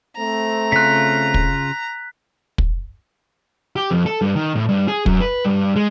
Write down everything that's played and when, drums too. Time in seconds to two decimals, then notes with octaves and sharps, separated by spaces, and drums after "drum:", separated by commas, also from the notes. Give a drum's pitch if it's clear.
0.17 A3 C4 A#5
0.72 C#3 F4 F#6 B6
1.34 drum: kick
2.58 drum: kick
3.76 G4
3.91 F2
4.06 A4
4.21 G2
4.35 D#3
4.55 A2
4.69 G2
4.88 G#4
5.06 F#2, drum: kick
5.21 B4
5.45 G2
5.76 G#3